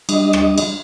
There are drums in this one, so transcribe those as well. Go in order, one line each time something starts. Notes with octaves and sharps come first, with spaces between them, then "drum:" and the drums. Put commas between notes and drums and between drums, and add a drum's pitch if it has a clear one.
G3 D4 D#5, drum: cymbal
drum: rim click
drum: cymbal